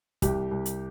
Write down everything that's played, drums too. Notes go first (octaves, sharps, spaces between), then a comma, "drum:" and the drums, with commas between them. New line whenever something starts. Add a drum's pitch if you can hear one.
C2 G4, drum: kick, hi-hat
C2
drum: hi-hat